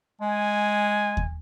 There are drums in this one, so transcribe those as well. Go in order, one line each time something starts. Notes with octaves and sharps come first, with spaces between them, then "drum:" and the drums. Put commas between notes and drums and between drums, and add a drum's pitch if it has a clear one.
G#3 G#5
drum: kick D#2